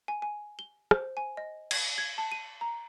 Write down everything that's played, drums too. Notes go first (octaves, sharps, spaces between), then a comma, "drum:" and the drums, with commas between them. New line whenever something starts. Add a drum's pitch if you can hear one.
G#5
G#5
G7
C5, drum: rim click
G#5
D#5
G#6, drum: cymbal
G#6
A5
D#7
A#5